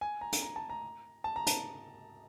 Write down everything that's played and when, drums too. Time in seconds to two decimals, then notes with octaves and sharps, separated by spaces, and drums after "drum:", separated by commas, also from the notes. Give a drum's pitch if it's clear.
0.01 G#5
0.21 A#5
0.33 drum: hi-hat
0.42 A#5
0.56 A5
0.70 A#5
1.24 A5
1.36 A#5
1.47 A5, drum: hi-hat